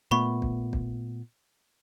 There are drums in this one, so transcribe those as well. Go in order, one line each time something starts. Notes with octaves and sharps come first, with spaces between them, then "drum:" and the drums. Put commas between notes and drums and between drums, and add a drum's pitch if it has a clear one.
A#2 A3 B3 B5 C#6
drum: kick
drum: kick